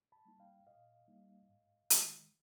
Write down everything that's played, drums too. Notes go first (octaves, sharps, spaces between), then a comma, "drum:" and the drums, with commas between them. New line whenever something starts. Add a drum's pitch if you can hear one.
A5 B5
G3 A#3 D#4
F5 G5
A#2 D#5 F5
G3 A#3 D#4
G#2
D#3 G#3, drum: hi-hat